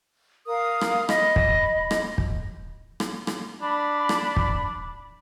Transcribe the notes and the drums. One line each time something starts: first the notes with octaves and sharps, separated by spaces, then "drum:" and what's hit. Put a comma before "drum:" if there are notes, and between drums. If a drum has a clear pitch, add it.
A#4 F5 D#6
drum: rim click
D#5 B5, drum: rim click
drum: kick
drum: rim click
drum: kick
drum: rim click
drum: rim click
D4 B5
drum: rim click
drum: kick